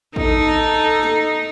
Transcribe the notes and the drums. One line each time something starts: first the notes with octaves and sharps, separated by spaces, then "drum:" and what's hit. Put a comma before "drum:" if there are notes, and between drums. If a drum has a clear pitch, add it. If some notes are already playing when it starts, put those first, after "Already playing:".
D#4 A4, drum: kick
drum: snare